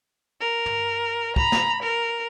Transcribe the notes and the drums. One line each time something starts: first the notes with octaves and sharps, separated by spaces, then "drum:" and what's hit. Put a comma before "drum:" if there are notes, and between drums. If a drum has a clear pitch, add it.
A#4
drum: tom
A#5 B5, drum: kick
drum: snare
A#4